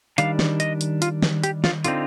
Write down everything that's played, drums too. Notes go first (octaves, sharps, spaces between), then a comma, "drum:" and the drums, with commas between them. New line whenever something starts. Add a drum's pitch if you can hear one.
D#3 G3 D4 F5, drum: hi-hat
drum: snare
D#5, drum: hi-hat
drum: hi-hat
F4, drum: hi-hat
drum: snare
G4, drum: hi-hat
F4, drum: snare
D3 A3 C4 D#4 F4, drum: hi-hat